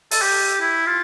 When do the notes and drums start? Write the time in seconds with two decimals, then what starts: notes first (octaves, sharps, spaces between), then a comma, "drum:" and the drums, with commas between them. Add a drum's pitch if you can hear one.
0.11 A4, drum: open hi-hat
0.22 G4
0.61 E4
0.86 F4